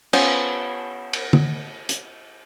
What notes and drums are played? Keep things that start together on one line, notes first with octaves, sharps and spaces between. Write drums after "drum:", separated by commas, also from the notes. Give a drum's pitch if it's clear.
B3 C#4 F4 C5 G#5, drum: cymbal
drum: cymbal
drum: tom
drum: hi-hat